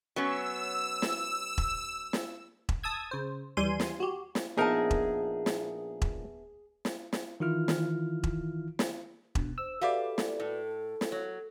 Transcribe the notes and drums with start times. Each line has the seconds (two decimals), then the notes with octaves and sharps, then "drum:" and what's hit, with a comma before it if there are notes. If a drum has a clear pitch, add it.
0.16 F#3 B3 C#4 E6
1.02 drum: snare
1.58 drum: kick E1
2.13 drum: snare
2.69 drum: kick E1
2.83 A5 D#6 E6 G#6
3.11 C#3 C5
3.57 D#2 E3 G3 G#5 C6 D#7
3.80 drum: snare
4.00 F#4 G4
4.35 drum: snare
4.58 A#1 B3 D#4 G#4 A#4 E5 A5
4.91 drum: kick E1
5.46 drum: snare
6.02 drum: kick E1
6.85 drum: snare
7.13 drum: snare
7.40 D#3 E3 E4 F4 F6
7.68 drum: snare
8.24 drum: kick E1
8.79 drum: snare
9.35 B2 D4, drum: kick E1
9.58 C5 E6
9.81 F#4 G4 A4 B4 D5 E5 F5
10.18 drum: snare
10.40 A2
11.01 drum: snare
11.12 F#3 C#5